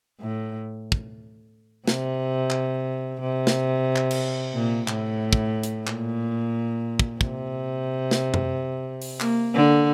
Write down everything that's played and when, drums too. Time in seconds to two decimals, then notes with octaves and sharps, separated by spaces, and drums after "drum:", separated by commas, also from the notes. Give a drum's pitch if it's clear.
0.21 A2
0.92 drum: kick
1.88 C3, drum: snare
2.50 drum: clap
3.21 C3
3.47 drum: snare
3.96 drum: clap
4.11 drum: cymbal
4.54 A#2
4.88 A2, drum: clap
5.33 drum: kick
5.63 drum: hi-hat
5.87 A#2, drum: clap
6.99 drum: kick
7.21 C3, drum: kick
8.11 drum: snare
8.34 drum: tom F#2
9.02 drum: open hi-hat
9.20 A#3, drum: clap
9.54 D3